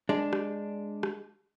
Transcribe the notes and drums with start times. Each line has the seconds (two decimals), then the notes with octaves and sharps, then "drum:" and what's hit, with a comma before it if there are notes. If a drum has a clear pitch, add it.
0.09 G#3 D4
0.33 drum: rim click
1.03 drum: rim click